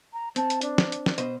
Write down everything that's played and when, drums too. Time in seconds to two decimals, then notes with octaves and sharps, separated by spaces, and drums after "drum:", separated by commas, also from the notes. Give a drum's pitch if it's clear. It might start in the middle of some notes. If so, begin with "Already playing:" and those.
0.13 A#5
0.36 C4 A5, drum: hi-hat
0.50 drum: hi-hat
0.61 D4, drum: hi-hat
0.78 drum: snare
0.92 drum: hi-hat
1.06 drum: snare
1.18 B2 C5 D#5, drum: hi-hat